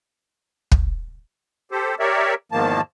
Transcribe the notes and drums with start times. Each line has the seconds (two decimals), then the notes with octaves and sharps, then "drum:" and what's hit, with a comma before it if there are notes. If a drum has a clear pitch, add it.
0.72 drum: kick
1.71 G4 A4 C5
1.99 G4 A#4 C#5 D5 E5
2.52 E2 G#2 D#3 F3 A#3 A5